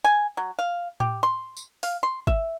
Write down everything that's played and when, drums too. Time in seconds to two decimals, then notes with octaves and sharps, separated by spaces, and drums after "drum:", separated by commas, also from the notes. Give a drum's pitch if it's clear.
0.04 G#5
0.37 F#3
0.59 F5
1.00 G4, drum: tom A2
1.23 C6
1.57 drum: tambourine
1.83 F5, drum: open hi-hat
2.03 C6
2.27 E5, drum: kick